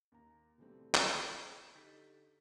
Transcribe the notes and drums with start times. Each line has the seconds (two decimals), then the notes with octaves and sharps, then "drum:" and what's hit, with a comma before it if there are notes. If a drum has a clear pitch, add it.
0.12 D#2 A#5
0.58 B2 D3 E3 G3 A3 C4
0.94 drum: clap
1.74 D3 D#4 G4 G6 A6 B6